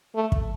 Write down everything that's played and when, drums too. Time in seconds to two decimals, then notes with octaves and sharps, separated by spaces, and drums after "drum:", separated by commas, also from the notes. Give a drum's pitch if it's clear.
0.15 A3
0.32 drum: kick